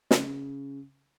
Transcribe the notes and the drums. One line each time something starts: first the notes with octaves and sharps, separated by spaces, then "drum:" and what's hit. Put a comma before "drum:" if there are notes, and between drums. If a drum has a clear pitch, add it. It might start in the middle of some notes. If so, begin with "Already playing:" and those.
C#3, drum: snare